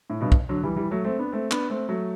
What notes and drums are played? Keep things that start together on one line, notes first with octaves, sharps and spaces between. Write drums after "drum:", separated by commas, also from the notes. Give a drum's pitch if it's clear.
A2
G2 B2
drum: kick
D3 F#3
E3 G3
E3 G3
F#3 A3
A3 C4
B3 D4
A3 C4
B3 D4, drum: clap
A3 C4
F#3 A3